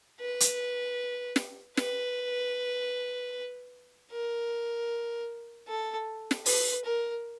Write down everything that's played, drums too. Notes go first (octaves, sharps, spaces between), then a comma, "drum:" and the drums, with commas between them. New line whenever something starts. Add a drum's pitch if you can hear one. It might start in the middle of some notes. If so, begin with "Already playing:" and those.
B4
drum: hi-hat
drum: snare
B4, drum: snare
A#4
A4
drum: snare
B4, drum: open hi-hat
A#4